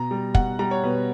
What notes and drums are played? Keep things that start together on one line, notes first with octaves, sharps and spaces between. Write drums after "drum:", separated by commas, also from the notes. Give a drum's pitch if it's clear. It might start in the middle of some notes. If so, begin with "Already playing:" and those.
Already playing: B2 A#5
G3
B2 F#5, drum: kick
G3 A#5
C#5
B2 B4